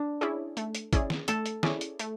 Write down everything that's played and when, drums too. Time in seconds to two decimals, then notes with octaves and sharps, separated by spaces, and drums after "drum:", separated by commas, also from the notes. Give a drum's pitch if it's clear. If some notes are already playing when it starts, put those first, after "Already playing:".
Already playing: D4
0.21 C#4 E4 G#4 D5
0.57 A3, drum: hi-hat
0.75 drum: hi-hat
0.93 C#4 E4 G#4 D5, drum: kick, hi-hat
1.10 drum: snare
1.28 A3 A4, drum: hi-hat
1.46 drum: hi-hat
1.63 C#4 E4 G#4 D5, drum: snare
1.81 drum: hi-hat
1.99 A3, drum: hi-hat